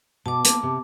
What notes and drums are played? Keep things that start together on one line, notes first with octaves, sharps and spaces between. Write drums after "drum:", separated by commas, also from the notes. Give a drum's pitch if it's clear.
B2 A5 D6
A#3, drum: hi-hat
C3